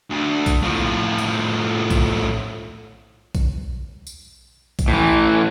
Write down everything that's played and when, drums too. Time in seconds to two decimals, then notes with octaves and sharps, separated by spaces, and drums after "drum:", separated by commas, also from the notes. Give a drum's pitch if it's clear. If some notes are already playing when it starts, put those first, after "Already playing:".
0.10 D2
0.46 drum: kick A#1, tambourine
0.62 A2 F3
1.18 drum: tambourine
1.90 drum: kick A#1, tambourine
3.35 drum: kick A#1, tambourine
4.07 drum: tambourine
4.79 drum: kick A#1, tambourine
4.88 A2 E3